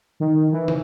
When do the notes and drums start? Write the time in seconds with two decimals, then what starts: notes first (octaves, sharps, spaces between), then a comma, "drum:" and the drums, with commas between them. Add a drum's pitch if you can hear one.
0.20 D#3
0.52 E3
0.68 drum: tom